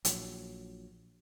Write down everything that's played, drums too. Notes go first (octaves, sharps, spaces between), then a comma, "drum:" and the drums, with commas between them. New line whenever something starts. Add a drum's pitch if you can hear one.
A#1 F#3, drum: hi-hat